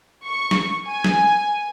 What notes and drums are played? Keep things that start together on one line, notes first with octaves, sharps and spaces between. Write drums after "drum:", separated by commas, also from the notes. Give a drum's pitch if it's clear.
C#6
drum: snare
G#5
drum: snare